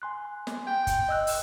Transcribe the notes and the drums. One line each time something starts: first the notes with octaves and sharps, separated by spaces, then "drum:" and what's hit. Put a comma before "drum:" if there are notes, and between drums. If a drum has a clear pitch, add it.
G#5 C6 F#6
drum: snare
G5
drum: kick, hi-hat
D#5 E6 F#6
drum: open hi-hat